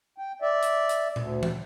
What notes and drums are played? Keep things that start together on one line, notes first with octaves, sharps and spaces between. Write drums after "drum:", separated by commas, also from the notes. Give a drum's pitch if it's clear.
G5
D5 E5
drum: hi-hat
drum: hi-hat
D2, drum: tom A#2
drum: tom E3